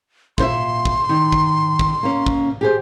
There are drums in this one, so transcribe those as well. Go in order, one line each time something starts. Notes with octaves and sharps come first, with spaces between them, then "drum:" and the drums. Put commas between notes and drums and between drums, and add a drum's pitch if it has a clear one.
A#2 C5 E5 C6, drum: kick
drum: kick
D#3
drum: kick
drum: kick
A#3 C#4
drum: kick
G4 G#4 C5